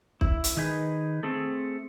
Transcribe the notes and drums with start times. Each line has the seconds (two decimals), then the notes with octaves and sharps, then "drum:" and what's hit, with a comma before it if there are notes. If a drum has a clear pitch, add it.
0.21 E4, drum: kick
0.44 drum: hi-hat
0.57 D#3 D#4 G#4 B4
1.23 A3 C4 G#4 A4